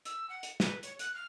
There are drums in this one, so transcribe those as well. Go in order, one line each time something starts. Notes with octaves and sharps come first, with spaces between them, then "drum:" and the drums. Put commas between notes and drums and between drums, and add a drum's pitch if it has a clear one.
E6, drum: hi-hat
F#5
drum: hi-hat
B4, drum: snare
C#5, drum: hi-hat
F#6, drum: hi-hat
F6